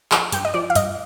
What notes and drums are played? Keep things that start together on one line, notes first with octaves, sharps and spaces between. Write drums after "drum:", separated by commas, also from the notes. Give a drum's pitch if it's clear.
F3, drum: clap
G2 G5, drum: hi-hat
D#5
F3 D5
F5
G2 D#5, drum: hi-hat